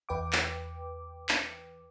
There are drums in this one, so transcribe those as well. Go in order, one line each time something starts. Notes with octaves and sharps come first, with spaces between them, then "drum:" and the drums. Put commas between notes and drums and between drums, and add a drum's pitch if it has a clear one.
E2 B4 G5 D6
drum: clap
drum: clap